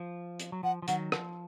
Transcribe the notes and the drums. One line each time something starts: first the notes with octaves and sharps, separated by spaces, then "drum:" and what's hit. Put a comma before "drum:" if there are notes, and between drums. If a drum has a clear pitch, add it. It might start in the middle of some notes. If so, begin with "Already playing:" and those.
Already playing: F3
drum: hi-hat
F#3
F3 F#5
F3
D#3 F#3 F#5, drum: hi-hat
F3, drum: rim click